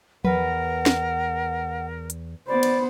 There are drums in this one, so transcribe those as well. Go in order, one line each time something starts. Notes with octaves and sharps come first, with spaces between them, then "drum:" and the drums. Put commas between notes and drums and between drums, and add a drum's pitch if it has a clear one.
E2 A#4 B4 F#5, drum: tom F3
drum: snare
drum: hi-hat
B3 C5 D5 B5
drum: cymbal